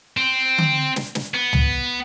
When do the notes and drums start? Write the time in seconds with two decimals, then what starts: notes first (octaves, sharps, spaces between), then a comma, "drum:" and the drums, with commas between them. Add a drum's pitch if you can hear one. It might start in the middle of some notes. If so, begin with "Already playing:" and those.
0.17 C4
0.58 drum: tom D3
0.96 drum: snare
1.15 drum: snare
1.34 B3
1.53 drum: tom C#2